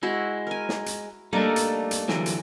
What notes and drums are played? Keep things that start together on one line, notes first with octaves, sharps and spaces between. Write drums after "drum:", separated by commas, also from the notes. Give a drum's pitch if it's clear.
G#3 E4 F#4 C5
A#4 G#5
drum: snare
drum: hi-hat
G3 A3 A#3 D4 D#4 A4 A#4 D5
drum: hi-hat
drum: hi-hat
D3 E3 F#3, drum: snare
drum: hi-hat